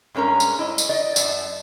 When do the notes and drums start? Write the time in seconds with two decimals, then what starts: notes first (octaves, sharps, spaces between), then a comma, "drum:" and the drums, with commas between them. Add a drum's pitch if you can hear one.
0.15 G2 G#3 C#4 A#4 A#5
0.40 drum: tambourine
0.59 E4 D#5
0.78 drum: tambourine
0.89 D5 D#5
1.16 F#2 A5, drum: tambourine